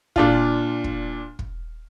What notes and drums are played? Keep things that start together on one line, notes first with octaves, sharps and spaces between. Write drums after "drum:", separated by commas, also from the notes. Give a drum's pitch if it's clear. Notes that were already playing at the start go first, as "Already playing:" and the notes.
A#2 D4 F4, drum: kick
drum: kick
drum: kick